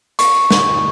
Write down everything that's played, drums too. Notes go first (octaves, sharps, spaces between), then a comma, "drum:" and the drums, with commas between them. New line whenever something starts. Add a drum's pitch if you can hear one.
C#6, drum: hi-hat
drum: snare